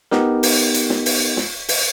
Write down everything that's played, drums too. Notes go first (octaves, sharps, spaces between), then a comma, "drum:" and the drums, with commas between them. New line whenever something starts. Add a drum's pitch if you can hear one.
B3 D#4 G4 A#4, drum: snare
drum: open hi-hat
drum: hi-hat
drum: snare
drum: open hi-hat
drum: snare
drum: open hi-hat